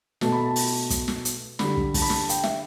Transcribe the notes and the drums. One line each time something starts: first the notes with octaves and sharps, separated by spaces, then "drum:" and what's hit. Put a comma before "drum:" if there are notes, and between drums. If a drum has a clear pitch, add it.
B2 A3 A5, drum: snare
B5
A5
drum: open hi-hat
drum: kick, hi-hat
drum: snare
drum: hi-hat
D3 G3 B5, drum: snare
drum: kick
A5, drum: kick, open hi-hat
B5
A5, drum: snare
G5, drum: hi-hat
E5, drum: snare